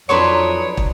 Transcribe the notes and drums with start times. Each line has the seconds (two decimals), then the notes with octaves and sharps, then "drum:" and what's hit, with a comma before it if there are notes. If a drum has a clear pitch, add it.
0.09 F2 F#3 D4 D#4 B4 C#5 C6 C#6
0.77 drum: kick